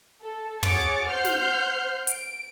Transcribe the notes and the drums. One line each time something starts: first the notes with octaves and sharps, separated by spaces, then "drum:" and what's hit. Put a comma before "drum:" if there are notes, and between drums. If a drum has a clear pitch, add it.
A4
F#4 G#4 C#5 D6 A6 C#7, drum: tom
C5 F#5 F6 G6 C7
drum: snare
D7, drum: hi-hat